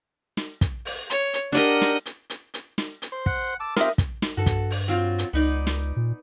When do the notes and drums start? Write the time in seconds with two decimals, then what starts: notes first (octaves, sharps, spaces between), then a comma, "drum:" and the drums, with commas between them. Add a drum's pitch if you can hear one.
0.37 drum: snare
0.61 drum: kick, hi-hat
0.85 drum: open hi-hat
1.10 C#5, drum: hi-hat
1.33 drum: hi-hat
1.52 D4 G4 A#4 D#5 F#5
1.82 drum: snare
2.06 drum: hi-hat
2.30 drum: hi-hat
2.54 drum: hi-hat
2.78 drum: snare
3.02 drum: hi-hat
3.12 C5
3.26 F#5, drum: kick
3.60 A5 D6 E6
3.76 C4 F4 G4 A#4 D#5 E5, drum: snare
3.98 drum: kick, hi-hat
4.22 drum: snare
4.37 G2 F#4 A4
4.46 drum: kick, hi-hat
4.70 drum: open hi-hat
4.88 F#3 C4 F4
5.19 drum: hi-hat
5.33 C#2 B3 D#4 D5
5.67 drum: snare
5.96 A#2